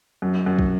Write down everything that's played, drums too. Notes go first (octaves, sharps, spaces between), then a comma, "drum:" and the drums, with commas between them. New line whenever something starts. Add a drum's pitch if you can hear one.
F#2
F#2
drum: kick